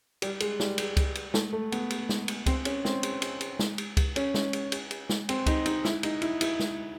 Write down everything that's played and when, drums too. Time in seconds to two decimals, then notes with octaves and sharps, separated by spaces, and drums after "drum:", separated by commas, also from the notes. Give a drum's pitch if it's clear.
0.22 G3, drum: cymbal
0.40 G#3, drum: cymbal
0.60 G3, drum: snare
0.78 G#3, drum: cymbal
0.97 drum: kick C#2, cymbal
1.15 drum: cymbal
1.34 A3, drum: snare
1.53 A3
1.72 B3, drum: cymbal
1.90 drum: cymbal
2.09 drum: snare
2.28 drum: cymbal
2.46 C4, drum: kick C#2, cymbal
2.65 C#4, drum: cymbal
2.85 C4, drum: snare
3.03 drum: cymbal
3.22 drum: cymbal
3.41 drum: cymbal
3.59 drum: snare
3.78 drum: cymbal
3.97 drum: kick C#2, cymbal
4.16 C#4, drum: cymbal
4.34 drum: snare
4.53 drum: cymbal
4.72 drum: cymbal
4.91 drum: cymbal
5.09 drum: snare
5.29 C4, drum: cymbal
5.46 D#4, drum: kick C#2, cymbal
5.66 D#4, drum: cymbal
5.85 E4, drum: snare
6.03 D#4, drum: cymbal
6.22 E4, drum: cymbal
6.41 E4, drum: cymbal
6.60 drum: snare